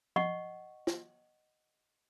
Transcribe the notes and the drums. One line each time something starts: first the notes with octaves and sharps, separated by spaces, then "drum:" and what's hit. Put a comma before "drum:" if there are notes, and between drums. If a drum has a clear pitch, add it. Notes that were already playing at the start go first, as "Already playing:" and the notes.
D#5 F#5 C#6, drum: tom F3
drum: snare